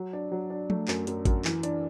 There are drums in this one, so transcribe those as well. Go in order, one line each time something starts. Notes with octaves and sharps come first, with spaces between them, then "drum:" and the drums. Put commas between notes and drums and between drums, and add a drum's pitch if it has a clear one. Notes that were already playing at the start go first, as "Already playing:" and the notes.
Already playing: F#3
D4
F#3
D4
A3, drum: tom F3
F#2, drum: clap
F#2, drum: hi-hat
F#2, drum: kick A1, hi-hat
E3, drum: clap
D4, drum: hi-hat